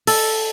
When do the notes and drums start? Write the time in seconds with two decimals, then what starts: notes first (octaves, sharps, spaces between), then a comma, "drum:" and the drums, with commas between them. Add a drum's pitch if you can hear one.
0.07 A4, drum: open hi-hat